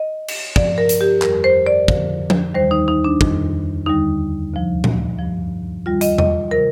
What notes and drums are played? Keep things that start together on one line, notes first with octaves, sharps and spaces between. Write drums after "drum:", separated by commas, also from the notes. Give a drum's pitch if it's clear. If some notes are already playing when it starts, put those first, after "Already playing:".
Already playing: D#5
drum: cymbal
G2 F3 D5, drum: kick
A#4
drum: hi-hat
G4
F2 D#3 G3 A#4, drum: clap
C5
D5
F2 D3 F3, drum: kick
drum: tom F3
D#2 D#3 G3 C5
D#4
D#4
D4
F2 D#3 G3, drum: kick
D#2 D3 G3 D#4
D2 C3 F3
drum: tom A#2
G2 F3
D#2 D#3 G3 F4
D#5, drum: hi-hat
D#5, drum: tom E2
C3 D#3 A#4